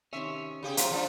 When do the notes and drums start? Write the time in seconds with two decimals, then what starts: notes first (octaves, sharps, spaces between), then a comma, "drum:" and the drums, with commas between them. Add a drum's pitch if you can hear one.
0.13 C3 D#3 C#4 E5
0.63 C#3 G4 G#4
0.77 C3 F4 A#4, drum: hi-hat
0.91 F3 G3 D4